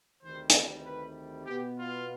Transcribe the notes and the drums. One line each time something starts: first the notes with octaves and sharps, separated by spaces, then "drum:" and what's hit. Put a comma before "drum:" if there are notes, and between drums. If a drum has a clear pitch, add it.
D2 C3 D#3 G3 C5
drum: hi-hat
B4
B2 B3 G4
F4